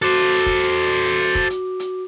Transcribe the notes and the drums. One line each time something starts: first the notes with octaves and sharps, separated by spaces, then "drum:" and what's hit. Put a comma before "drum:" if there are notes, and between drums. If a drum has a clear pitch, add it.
F#4 A4 C5 D6, drum: hi-hat
drum: hi-hat
drum: open hi-hat
drum: kick, hi-hat
drum: hi-hat
drum: hi-hat
drum: hi-hat
drum: open hi-hat
drum: kick, hi-hat
drum: hi-hat
drum: hi-hat